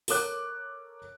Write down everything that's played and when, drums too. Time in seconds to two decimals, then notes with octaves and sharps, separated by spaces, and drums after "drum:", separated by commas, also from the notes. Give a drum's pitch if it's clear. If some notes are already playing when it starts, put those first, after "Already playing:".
0.08 A4 A#4 C#5 D6 F#6, drum: open hi-hat